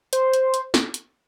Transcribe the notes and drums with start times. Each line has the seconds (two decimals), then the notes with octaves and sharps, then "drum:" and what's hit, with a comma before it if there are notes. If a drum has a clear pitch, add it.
0.13 C5, drum: hi-hat
0.33 drum: hi-hat
0.54 drum: hi-hat
0.74 drum: snare
0.94 drum: hi-hat